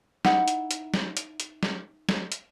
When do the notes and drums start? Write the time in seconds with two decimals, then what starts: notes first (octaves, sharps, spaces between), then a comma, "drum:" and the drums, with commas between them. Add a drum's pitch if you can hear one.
0.25 D#4 E4 F#5, drum: snare
0.48 drum: hi-hat
0.71 drum: hi-hat
0.94 drum: snare
1.17 drum: hi-hat
1.40 drum: hi-hat
1.63 drum: snare
2.09 drum: snare
2.32 drum: hi-hat